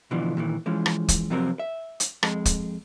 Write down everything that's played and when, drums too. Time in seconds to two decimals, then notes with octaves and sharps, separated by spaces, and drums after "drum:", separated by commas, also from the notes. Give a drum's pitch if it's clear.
0.11 B2 D3 E3 F3 D4
0.37 A#2 D#3 E3
0.66 E3 F3 G#3 C#4
0.86 drum: rim click
1.08 drum: kick, hi-hat
1.30 C3 F3 F#3 C4 A#4
1.59 E5
2.00 drum: hi-hat
2.23 F2 G#3, drum: rim click
2.45 drum: kick, hi-hat